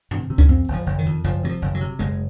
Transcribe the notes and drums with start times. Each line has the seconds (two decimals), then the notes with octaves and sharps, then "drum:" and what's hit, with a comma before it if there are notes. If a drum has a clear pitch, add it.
0.11 C3, drum: tom G2
0.30 C3
0.38 C#4, drum: kick C#2
0.48 F2 C4
0.68 F#1
0.73 F3
0.86 F#1
0.98 D#3
1.06 F2
1.24 F#1 F3
1.43 C3 F#3
1.49 F3
1.62 F#1
1.75 F#3
1.81 C3
1.99 F#1 G#3